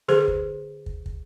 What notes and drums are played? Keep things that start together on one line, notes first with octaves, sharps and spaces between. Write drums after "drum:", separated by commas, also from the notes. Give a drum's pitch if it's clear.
D3 G#4 A4 C5, drum: snare
drum: kick
drum: kick
drum: kick